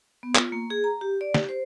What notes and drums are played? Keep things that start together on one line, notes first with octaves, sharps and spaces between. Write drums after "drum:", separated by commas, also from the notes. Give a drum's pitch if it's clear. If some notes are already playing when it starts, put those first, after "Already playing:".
B3
F4, drum: clap
A#3
G#4
A#5
G4
D5
G4, drum: snare
C5